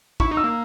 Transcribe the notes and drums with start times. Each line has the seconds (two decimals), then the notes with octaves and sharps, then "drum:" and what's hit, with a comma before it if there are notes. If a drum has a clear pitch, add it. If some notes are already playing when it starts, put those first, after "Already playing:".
0.20 E4 C#6, drum: kick
0.31 D#4
0.37 E6
0.44 A#3